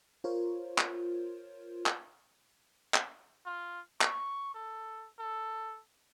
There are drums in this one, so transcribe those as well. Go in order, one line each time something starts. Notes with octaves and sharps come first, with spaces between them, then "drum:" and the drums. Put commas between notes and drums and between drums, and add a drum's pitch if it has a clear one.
F4 A#4 C5 C#5
drum: clap
drum: clap
drum: clap
F4
C#6, drum: clap
A4
A4